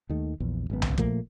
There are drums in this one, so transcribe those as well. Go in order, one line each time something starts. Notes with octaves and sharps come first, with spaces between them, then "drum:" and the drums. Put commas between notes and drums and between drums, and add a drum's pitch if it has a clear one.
D#2 D#3 A3
A#1 E2
G#1 F#2 B3
drum: tom C2
A#2 F3 A3 A#3, drum: kick